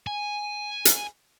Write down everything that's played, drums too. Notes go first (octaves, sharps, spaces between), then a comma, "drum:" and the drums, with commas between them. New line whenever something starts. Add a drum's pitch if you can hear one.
G#5
drum: hi-hat